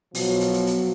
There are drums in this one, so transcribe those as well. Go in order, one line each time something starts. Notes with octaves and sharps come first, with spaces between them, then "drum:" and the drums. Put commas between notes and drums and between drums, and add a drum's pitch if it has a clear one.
B2 F3 F#3, drum: open hi-hat
drum: hi-hat
drum: hi-hat
drum: hi-hat